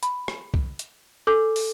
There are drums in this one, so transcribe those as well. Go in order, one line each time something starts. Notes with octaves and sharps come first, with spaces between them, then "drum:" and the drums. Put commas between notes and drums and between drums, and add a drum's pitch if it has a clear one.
B5, drum: hi-hat
drum: rim click
drum: kick C2
drum: hi-hat
A4 G#5 D6 G6
drum: open hi-hat